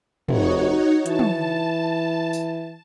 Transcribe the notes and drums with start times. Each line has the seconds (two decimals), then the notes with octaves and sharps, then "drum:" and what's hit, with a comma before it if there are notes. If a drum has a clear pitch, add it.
0.28 F1 D#4 F#4 C#5, drum: tom
1.06 E3 A5, drum: hi-hat
1.19 drum: tom
2.33 drum: tambourine